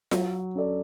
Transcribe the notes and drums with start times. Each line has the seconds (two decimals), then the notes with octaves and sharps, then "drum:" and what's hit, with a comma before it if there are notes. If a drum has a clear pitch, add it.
0.11 F#3, drum: snare F4
0.55 C#4 F#4 A4 D5